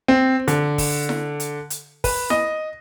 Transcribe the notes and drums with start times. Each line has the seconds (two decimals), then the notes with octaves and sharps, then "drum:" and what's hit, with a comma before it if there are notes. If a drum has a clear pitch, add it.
0.08 C4
0.48 D3, drum: hi-hat
0.78 drum: kick, open hi-hat
1.09 drum: snare E4
1.40 drum: hi-hat
1.70 drum: hi-hat
2.04 B4, drum: kick, open hi-hat
2.30 D#5, drum: snare E4